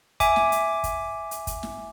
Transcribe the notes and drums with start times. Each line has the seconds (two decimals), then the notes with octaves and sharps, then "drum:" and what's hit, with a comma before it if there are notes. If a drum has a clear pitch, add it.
0.20 E5 G#5 D6, drum: kick, hi-hat
0.36 drum: snare
0.52 drum: hi-hat
0.84 drum: kick, hi-hat
1.31 drum: hi-hat
1.47 drum: kick, hi-hat
1.63 drum: snare